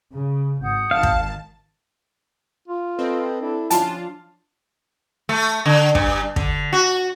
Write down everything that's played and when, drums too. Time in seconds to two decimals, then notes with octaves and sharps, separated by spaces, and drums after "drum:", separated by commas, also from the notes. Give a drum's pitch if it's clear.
0.14 C#3
0.62 G#1 F#5 D#6 G6
0.91 G#1 D#3 F5 A5
1.03 drum: kick
2.68 F4
2.99 C4 A4 B4 D#5
3.40 D4 E4 A4
3.70 F3 C#4 D4 F4 A5, drum: hi-hat
5.29 A3
5.66 D3
5.95 G2, drum: kick
6.36 D3, drum: kick
6.73 F#4